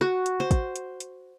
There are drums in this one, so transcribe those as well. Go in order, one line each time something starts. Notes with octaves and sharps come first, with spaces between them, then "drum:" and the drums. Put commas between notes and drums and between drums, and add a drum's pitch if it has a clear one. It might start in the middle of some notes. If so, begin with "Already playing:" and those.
F#4, drum: rim click
drum: hi-hat
C5
drum: kick, hi-hat
drum: hi-hat
drum: hi-hat